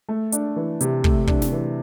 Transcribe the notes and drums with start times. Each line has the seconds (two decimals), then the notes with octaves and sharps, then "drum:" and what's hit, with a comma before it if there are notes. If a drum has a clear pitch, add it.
0.09 A3
0.32 D4, drum: hi-hat
0.56 E3
0.81 C3, drum: hi-hat
1.04 A3, drum: kick
1.27 D4, drum: kick
1.42 drum: snare
1.52 E3